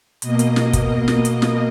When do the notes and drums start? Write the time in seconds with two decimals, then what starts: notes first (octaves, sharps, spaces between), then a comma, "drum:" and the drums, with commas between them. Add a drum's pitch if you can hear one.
0.22 B2 A#3 D#5, drum: hi-hat
0.39 drum: hi-hat
0.56 drum: snare
0.73 drum: kick, hi-hat
1.08 drum: snare
1.25 drum: hi-hat
1.42 drum: snare